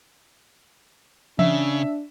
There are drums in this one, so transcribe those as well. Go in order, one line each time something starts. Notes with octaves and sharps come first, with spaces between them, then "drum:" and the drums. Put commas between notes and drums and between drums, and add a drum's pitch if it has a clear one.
C#3 D4 E5, drum: tom E3